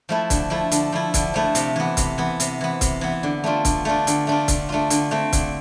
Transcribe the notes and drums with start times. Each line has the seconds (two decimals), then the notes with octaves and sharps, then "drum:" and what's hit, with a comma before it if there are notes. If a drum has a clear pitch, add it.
0.09 F3 A3 E4
0.30 D3, drum: kick C#1, hi-hat
0.50 F3 A3 E4
0.71 D3, drum: hi-hat
0.92 F3 A3 E4
1.14 D3, drum: kick C#1, hi-hat
1.34 F3 A3 E4
1.55 C3, drum: hi-hat
1.76 E3 B3
1.97 C3, drum: kick C#1, hi-hat
2.18 E3 B3
2.40 C3, drum: hi-hat
2.61 E3 B3
2.81 C3, drum: kick C#1, hi-hat
3.01 E3 B3
3.23 D3
3.44 A3 D4 F4
3.65 D3, drum: kick C#1, hi-hat
3.85 A3 D4 F4
4.07 D3, drum: hi-hat
4.27 A3 D4 F4
4.48 D3, drum: kick C#1, hi-hat
4.69 A3 D4 F4
4.90 D3, drum: hi-hat
5.11 A3 C4
5.33 D3, drum: kick C#1, hi-hat